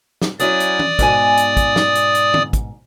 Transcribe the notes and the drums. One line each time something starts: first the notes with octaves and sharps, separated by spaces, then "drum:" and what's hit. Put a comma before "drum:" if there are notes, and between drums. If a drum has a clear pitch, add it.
drum: snare
F#3 C#4 E4 D5 D#6, drum: hi-hat
drum: hi-hat
drum: tom
G#2 B2 G#5, drum: kick, hi-hat
drum: hi-hat
drum: kick, hi-hat
drum: snare
drum: hi-hat
drum: hi-hat
drum: tom D3
drum: kick, hi-hat